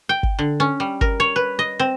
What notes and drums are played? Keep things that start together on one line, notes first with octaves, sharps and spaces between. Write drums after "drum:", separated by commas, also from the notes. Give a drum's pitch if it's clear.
G5
drum: kick G#1
D3
C#4
G3
A#4, drum: kick G#1
C#5
B4
D#5
C4